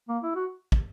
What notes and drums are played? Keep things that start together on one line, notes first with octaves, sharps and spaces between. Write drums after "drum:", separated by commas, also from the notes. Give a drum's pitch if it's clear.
A#3
E4
F#4
drum: kick